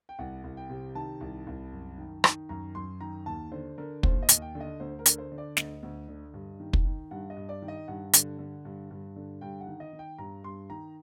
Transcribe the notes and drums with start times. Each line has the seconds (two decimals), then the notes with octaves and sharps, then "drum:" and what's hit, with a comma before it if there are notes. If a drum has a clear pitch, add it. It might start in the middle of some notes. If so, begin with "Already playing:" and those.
0.09 G5
0.19 C2 F#5
0.44 C2
0.57 G5
0.70 C3
0.95 D#3 A5
1.21 C2
1.47 C2
1.73 F#2
1.98 D#3
2.24 D#3, drum: rim click
2.49 F#2 A#5
2.75 F#2 C6
3.01 D#3 A#5
3.26 D#2 A5
3.52 D3 C5
3.78 D3 A#4
4.03 D#2 C5, drum: kick
4.23 D#5
4.29 D#2, drum: hi-hat
4.42 G5
4.55 D3
4.61 D#5
4.80 D2 C5
4.99 A#4
5.06 D3, drum: hi-hat
5.18 C5
5.32 D3
5.38 D5
5.57 D2 D#5, drum: snare
5.83 D2
6.08 D3
6.34 G2
6.60 D#3
6.73 drum: kick
6.85 D#3
7.11 G2 F#5
7.30 D#5
7.37 G2
7.49 D5
7.62 D#3
7.68 D#5
7.88 G2 F#5
8.14 D3, drum: hi-hat
8.39 D3
8.65 G2
8.91 G2
9.16 D3
9.41 G2 G5
9.61 F#5
9.67 D#3
9.80 D#5
9.93 D#3
9.99 G5
10.18 G2 A#5
10.44 G2 C6
10.70 D#3 A#5